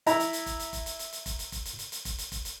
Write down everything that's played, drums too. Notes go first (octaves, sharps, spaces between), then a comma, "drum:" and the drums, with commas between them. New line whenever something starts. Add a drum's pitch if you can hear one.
E4 A#5, drum: hi-hat
drum: hi-hat
drum: hi-hat
drum: kick F1, hi-hat
drum: hi-hat
drum: kick F1, hi-hat
drum: hi-hat
drum: hi-hat
drum: hi-hat
drum: kick F1, hi-hat
drum: hi-hat
drum: kick F1, hi-hat
drum: hi-hat
drum: hi-hat
drum: hi-hat
drum: kick F1, hi-hat
drum: hi-hat
drum: kick F1, hi-hat
drum: hi-hat